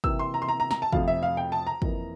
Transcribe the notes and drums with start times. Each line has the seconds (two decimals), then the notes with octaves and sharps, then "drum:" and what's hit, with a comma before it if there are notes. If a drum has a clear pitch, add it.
0.04 C3 E3 A#3 E6, drum: kick
0.19 C6
0.34 A#5
0.42 C6
0.49 A#5
0.60 A#5
0.71 A#5, drum: snare
0.82 A5
0.93 F2 C3 F3 A3 F5, drum: kick
1.08 E5
1.23 F5
1.37 G5
1.52 A5
1.67 A#5
1.82 F2 E3 A#3, drum: kick